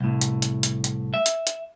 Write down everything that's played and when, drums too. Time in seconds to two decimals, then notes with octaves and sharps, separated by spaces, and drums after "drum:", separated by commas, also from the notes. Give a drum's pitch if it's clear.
0.01 C2 A2
0.21 drum: hi-hat
0.42 drum: hi-hat
0.63 drum: hi-hat
0.84 drum: hi-hat
1.14 E5
1.26 drum: hi-hat
1.47 drum: hi-hat